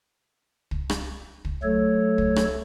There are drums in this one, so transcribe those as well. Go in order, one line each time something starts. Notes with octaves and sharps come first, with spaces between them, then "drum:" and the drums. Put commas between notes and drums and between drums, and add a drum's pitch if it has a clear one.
drum: kick
drum: rim click
drum: kick
F#3 A3 A4 C#5
drum: kick
drum: rim click